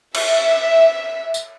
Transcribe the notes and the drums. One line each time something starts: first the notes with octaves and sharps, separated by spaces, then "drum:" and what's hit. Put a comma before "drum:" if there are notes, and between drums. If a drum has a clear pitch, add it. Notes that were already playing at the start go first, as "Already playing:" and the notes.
E5, drum: cymbal
drum: tambourine